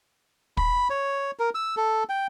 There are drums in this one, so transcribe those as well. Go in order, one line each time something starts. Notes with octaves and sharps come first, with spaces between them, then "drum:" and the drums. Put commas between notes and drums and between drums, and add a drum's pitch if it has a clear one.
B5, drum: kick
C#5
A#4
E6
A4
G5